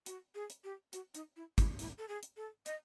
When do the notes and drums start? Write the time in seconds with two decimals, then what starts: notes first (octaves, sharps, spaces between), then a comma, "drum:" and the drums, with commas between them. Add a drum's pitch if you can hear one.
0.06 F#4, drum: hi-hat
0.35 G#4
0.50 drum: hi-hat
0.64 G4
0.93 F#4, drum: hi-hat
1.15 D#4, drum: hi-hat
1.36 E4
1.58 E4, drum: kick, hi-hat
1.79 E4, drum: hi-hat
1.98 A4
2.08 G#4
2.23 drum: hi-hat
2.37 A4
2.66 D#5, drum: hi-hat